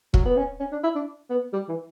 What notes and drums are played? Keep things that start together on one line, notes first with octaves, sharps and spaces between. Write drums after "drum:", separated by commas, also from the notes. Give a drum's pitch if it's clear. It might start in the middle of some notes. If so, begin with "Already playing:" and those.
F#3, drum: kick
B3
C#4
C#4
D4
E4
D4
B3
G3
E3